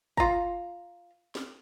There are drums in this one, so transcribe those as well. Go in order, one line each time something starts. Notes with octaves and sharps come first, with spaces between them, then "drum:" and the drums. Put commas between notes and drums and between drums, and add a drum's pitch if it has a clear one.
F4 A#5, drum: kick
drum: snare